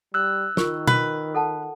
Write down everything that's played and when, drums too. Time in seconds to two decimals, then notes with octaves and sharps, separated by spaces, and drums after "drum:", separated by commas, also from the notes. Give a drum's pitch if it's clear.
0.14 G3 E6 F#6
0.57 D#3 F4 A#4 C#6, drum: snare
0.87 B4, drum: tom B2
1.35 A4 F#5 A5